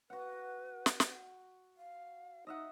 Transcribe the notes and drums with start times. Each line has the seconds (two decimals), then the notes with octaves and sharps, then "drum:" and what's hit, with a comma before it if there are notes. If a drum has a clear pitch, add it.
0.10 F#4 B4 F#5
0.86 drum: snare
1.00 drum: snare
1.77 F5
2.47 D#4 D#5 E5 F#5